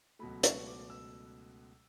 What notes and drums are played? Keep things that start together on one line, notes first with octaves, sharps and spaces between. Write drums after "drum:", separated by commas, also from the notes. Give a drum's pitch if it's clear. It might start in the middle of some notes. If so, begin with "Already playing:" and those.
C#2 B2 F#3 A3 B5
C#6, drum: hi-hat
D6
E6